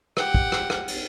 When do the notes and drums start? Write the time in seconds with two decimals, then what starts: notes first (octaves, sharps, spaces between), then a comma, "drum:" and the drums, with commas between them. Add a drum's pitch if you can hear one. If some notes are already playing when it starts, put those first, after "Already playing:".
0.17 G4 F#5, drum: rim click
0.34 drum: kick
0.52 drum: rim click
0.70 drum: rim click
0.88 drum: cymbal